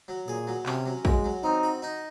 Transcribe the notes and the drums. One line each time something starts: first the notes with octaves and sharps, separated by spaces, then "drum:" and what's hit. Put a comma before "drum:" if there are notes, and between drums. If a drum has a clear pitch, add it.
F#3
A#2 G#4
F#3
C3 C#4, drum: clap
F#3
G#3 F#4, drum: kick A#1
F#3
C4 D#4
F#4
D#4